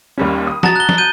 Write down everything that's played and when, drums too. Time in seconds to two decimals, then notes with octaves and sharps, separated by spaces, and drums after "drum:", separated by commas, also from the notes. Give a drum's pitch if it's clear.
0.18 D#2 G3 C#4
0.47 D#6
0.63 F#4 A5 A#5 A6, drum: snare
0.76 F#6 G7
0.89 drum: snare
0.98 G6 D#7 G7